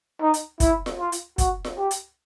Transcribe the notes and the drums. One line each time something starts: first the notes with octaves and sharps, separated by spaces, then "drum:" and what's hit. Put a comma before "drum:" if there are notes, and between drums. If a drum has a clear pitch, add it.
D#4
drum: hi-hat
E4, drum: kick, hi-hat
drum: snare F4
F4
drum: hi-hat
F#4, drum: kick, hi-hat
drum: snare F4
G4
drum: hi-hat